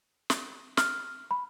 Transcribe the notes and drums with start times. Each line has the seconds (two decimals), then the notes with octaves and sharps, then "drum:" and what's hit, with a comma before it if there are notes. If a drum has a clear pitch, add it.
0.30 drum: snare
0.77 F6, drum: snare
1.31 B5